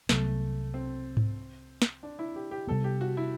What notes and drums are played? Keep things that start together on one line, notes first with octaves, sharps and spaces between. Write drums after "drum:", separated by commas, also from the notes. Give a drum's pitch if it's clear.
C2 C3 F#3 A3 B3, drum: snare
C4
drum: tom G#2
drum: snare
D4
E4
G4
G4
C3 G3 B3 A4
G4
F#4
E4